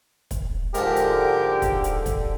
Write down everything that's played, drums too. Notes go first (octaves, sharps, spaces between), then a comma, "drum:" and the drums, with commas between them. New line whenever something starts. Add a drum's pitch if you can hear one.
drum: kick, hi-hat
G#2 D3 F3 G4 A#4, drum: hi-hat
drum: hi-hat
drum: kick, hi-hat
drum: hi-hat
drum: kick, hi-hat